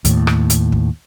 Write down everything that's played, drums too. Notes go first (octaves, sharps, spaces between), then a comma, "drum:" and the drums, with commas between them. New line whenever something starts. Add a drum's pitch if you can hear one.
D#2 A2, drum: hi-hat
drum: rim click
drum: hi-hat
drum: kick